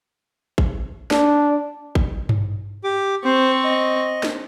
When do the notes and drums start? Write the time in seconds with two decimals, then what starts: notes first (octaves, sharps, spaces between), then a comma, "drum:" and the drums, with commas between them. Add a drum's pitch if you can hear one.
0.58 drum: kick
1.11 D4, drum: snare
1.95 drum: kick
2.29 drum: tom G2
2.84 G4 D6
3.24 C4 C5 C#6
3.64 D#5
4.23 drum: snare